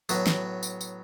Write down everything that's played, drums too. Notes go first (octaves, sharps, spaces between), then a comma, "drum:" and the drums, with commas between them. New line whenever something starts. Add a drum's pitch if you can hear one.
A2 F#3 B3 F#4, drum: tambourine
drum: snare
drum: tambourine
drum: tambourine